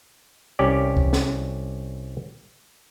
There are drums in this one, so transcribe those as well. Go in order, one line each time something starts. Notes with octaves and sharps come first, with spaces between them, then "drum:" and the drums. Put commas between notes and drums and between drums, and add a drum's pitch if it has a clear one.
C2 C#4 G4 D5
drum: kick C#2
drum: snare